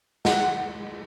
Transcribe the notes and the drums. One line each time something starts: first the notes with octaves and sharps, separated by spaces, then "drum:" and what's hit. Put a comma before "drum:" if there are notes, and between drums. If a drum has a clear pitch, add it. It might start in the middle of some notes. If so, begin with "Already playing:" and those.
F#5, drum: snare G#4